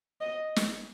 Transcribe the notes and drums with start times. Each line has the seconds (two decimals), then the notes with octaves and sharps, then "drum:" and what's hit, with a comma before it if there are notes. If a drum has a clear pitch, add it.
0.21 D#5
0.56 drum: snare